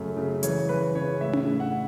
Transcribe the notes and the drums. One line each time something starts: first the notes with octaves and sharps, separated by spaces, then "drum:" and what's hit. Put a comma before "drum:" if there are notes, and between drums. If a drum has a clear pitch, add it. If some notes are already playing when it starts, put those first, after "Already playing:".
Already playing: F#2 C#3 A3
C#3
E3 C#5, drum: hi-hat
E3 B4
C#3 C#5
A2 E5
drum: tom C#4
A2
F#5